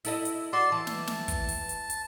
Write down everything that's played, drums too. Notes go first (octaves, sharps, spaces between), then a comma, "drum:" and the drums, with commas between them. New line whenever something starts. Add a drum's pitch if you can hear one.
E4 A4 D#5, drum: open hi-hat
drum: hi-hat
F#4 D5 C6
E3 A5
drum: snare
drum: snare
drum: kick, hi-hat
drum: open hi-hat
drum: hi-hat
drum: hi-hat